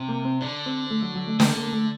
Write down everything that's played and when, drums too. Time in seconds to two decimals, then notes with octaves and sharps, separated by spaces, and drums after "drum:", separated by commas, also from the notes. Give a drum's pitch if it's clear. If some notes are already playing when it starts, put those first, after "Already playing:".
Already playing: C3
0.09 A#3
0.25 C4
0.41 D3 D4
0.66 C4
0.90 A3
1.02 F#3
1.16 F#3
1.27 A3
1.40 D3 A#3, drum: snare
1.56 A#3
1.67 A#3
1.73 A3